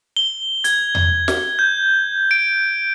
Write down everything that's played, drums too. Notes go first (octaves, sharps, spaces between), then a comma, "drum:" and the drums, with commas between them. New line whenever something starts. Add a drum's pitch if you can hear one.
G7
G#6, drum: hi-hat
drum: tom E2
drum: snare
G6
D7